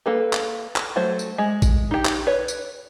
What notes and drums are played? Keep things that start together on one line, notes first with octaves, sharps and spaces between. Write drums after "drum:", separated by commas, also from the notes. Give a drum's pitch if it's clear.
A#3 A4 B4
drum: clap
drum: clap
F#3 A3 C5
drum: tambourine
G#3
drum: kick A1, tambourine
D#4 G4
drum: clap
B4 C#5
drum: tambourine